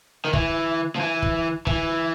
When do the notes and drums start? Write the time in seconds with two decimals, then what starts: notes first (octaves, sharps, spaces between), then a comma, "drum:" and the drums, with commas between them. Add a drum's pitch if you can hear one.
0.25 D#3
0.33 E3, drum: kick
0.96 F3
1.00 E3
1.22 drum: kick
1.67 E3, drum: kick